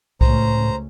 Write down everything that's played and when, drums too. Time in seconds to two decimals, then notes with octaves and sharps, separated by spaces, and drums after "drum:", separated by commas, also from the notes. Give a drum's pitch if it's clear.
0.21 C#2 A2 A3 C#4 C5 A#5, drum: kick C2